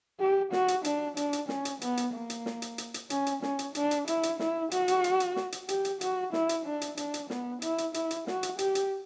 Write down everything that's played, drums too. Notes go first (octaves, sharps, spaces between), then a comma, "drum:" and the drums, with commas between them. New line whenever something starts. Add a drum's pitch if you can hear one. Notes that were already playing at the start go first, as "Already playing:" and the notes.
G4
F#4, drum: snare
drum: hi-hat
D4, drum: hi-hat
D4, drum: hi-hat
drum: hi-hat
C#4, drum: snare
drum: hi-hat
B3, drum: hi-hat
drum: hi-hat
A#3
drum: hi-hat
drum: snare
drum: hi-hat
drum: hi-hat
drum: hi-hat
C#4, drum: hi-hat
drum: hi-hat
C#4, drum: snare
drum: hi-hat
D4, drum: hi-hat
drum: hi-hat
E4, drum: hi-hat
drum: hi-hat
E4, drum: snare
F#4, drum: hi-hat
drum: hi-hat
drum: hi-hat
drum: hi-hat
drum: snare
drum: hi-hat
G4, drum: hi-hat
drum: hi-hat
F#4, drum: hi-hat
E4, drum: snare
drum: hi-hat
D4
drum: hi-hat
D4, drum: hi-hat
drum: hi-hat
B3, drum: snare
E4, drum: hi-hat
drum: hi-hat
E4, drum: hi-hat
drum: hi-hat
F#4, drum: snare
drum: hi-hat
G4, drum: hi-hat
drum: hi-hat